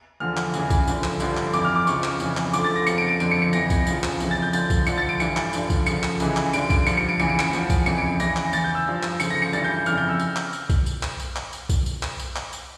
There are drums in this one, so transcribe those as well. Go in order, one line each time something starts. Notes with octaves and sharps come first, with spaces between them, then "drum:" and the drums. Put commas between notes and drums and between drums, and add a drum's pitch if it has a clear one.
E2 D3 F3 F6
drum: clap
E2 C#3 E3, drum: tambourine
drum: kick B1, tambourine
D2 D3 F3, drum: tambourine
drum: clap
G2 D3 F3, drum: tambourine
drum: clap
F2 E3 D6, drum: tambourine
F6
D6
C#2 C#3 F3 C#6, drum: tambourine
drum: clap
F2 C#3 E3, drum: tambourine
drum: clap
D2 D3 F3 D6, drum: tambourine
A6
A#6
F2 C#3 F3 C#7, drum: tambourine
D7
D7
F2 D3 F3 D7, drum: tambourine
C#7
C#7
F2 E3 A#6, drum: tambourine
drum: kick B1, tambourine
E2 C#3 F3, drum: tambourine
drum: clap
F2 C#3 E3, drum: tambourine
A6
G6
D2 D3 F3 A6, drum: tambourine
drum: kick B1, tambourine
D2 D3 F3 C#7, drum: tambourine
A6
D7
G2 E3 C#7, drum: tambourine
drum: clap
G2 D3 F3, drum: tambourine
drum: kick B1, tambourine
D2 C#3 F3 C#7, drum: tambourine
drum: clap
C#2 C#3 E3, drum: tambourine
drum: clap
G2 D3 F3 D7, drum: tambourine
D7, drum: kick B1, tambourine
G2 F3 C#7, drum: tambourine
C#7
D7
E2 C#3 E3 C#7, drum: tambourine
D7
C#7, drum: clap
E2 C#3 F3, drum: tambourine
drum: kick B1, tambourine
F2 C#3 E3 C#7, drum: tambourine
D7
E2 C#3 E3 A#6, drum: tambourine
drum: clap
E2 E3 A6, drum: tambourine
G6
E6
G2 F3
drum: clap
D2 C#3 F3 C#7, drum: tambourine
A#6
C#7
G2 E3 A6, drum: tambourine
G6
F2 C#3 E3 F6, drum: tambourine
G6
E6
drum: tambourine
drum: clap
drum: tambourine
drum: kick B1, tambourine
drum: tambourine
drum: clap
drum: tambourine
drum: clap
drum: tambourine
drum: kick B1, tambourine
drum: tambourine
drum: clap
drum: tambourine
drum: clap
drum: tambourine